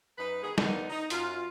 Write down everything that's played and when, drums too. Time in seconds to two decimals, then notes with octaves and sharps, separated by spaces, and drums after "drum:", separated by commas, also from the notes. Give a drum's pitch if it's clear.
0.17 F#2 D#4 B4
0.43 D#3 B3 G#4
0.58 D#2 D3 A#3 B3 D#4, drum: snare
0.90 D#4
1.10 F#2 F4, drum: hi-hat